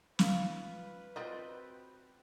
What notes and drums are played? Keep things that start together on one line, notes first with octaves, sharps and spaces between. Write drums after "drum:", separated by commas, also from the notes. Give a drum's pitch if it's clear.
F4 B4, drum: snare
C4 F4 F#4 D5 D#5 G5